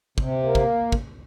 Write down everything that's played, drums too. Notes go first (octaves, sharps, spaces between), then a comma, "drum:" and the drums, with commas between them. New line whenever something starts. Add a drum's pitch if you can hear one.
C3, drum: kick
A#3
drum: kick
drum: kick